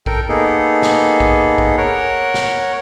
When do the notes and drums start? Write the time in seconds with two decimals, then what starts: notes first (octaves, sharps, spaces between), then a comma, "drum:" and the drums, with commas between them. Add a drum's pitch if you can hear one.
0.06 A4 A#4 G5, drum: kick
0.29 A#3 B3 D#4 G#4 A4
0.82 drum: snare
1.20 drum: kick
1.58 drum: kick
1.78 A#4 C#5 F#5
2.34 drum: snare